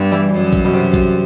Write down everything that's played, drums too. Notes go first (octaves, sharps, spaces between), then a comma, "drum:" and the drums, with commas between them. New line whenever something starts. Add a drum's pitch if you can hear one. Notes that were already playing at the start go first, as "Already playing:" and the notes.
Already playing: G2 B3
E3 G3
F#2
drum: kick A#1
B2
C3
drum: kick A#1, hi-hat